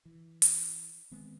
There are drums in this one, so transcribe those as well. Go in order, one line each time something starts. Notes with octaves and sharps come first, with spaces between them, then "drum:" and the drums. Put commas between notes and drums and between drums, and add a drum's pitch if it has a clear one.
E3
drum: hi-hat
D#3 G#3 B3 C4